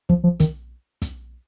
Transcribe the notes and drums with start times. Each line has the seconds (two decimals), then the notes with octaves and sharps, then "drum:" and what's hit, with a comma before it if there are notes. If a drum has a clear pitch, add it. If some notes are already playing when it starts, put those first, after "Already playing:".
0.09 F3, drum: kick
0.24 F3
0.40 D#3, drum: kick, hi-hat
1.02 drum: kick, hi-hat